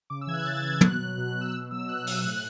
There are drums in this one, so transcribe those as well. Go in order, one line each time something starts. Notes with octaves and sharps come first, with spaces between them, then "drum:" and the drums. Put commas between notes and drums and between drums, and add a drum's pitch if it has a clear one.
C#3 D6
E6
E3 G#6
F#6
C#3 A6
E3 G#6
B2 F#6, drum: tom
F#3
B2 F#6
F#6
F#3
E6
B2 E6
F#3 E6
B2 F#6
F#3 E6, drum: open hi-hat
A2 F#6